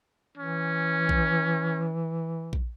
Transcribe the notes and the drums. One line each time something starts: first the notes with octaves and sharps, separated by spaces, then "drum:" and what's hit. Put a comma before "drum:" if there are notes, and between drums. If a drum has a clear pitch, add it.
E3 C#4
drum: kick A#1
drum: kick A#1